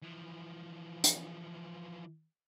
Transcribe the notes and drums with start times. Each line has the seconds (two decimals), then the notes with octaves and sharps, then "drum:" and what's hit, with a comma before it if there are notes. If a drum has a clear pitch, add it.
0.02 E3 F3
1.04 drum: hi-hat